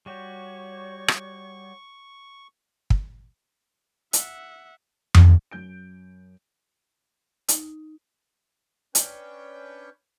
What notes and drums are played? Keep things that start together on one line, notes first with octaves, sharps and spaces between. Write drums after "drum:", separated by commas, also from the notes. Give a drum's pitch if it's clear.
G3 F#4 G4 C#5 C#6
drum: rim click
drum: kick
E5 F#5, drum: hi-hat
drum: tom F2
F#2 G6 D7
D#4, drum: hi-hat
C#4 D4 B4 C#5 G5 G6, drum: hi-hat